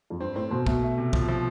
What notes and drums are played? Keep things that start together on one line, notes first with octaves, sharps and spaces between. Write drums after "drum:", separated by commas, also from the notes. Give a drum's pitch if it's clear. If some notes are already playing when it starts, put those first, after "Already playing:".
F2
G2 C4
A2 C4
B2 C4
B2 A3, drum: kick
A3
C3
F3, drum: kick
F3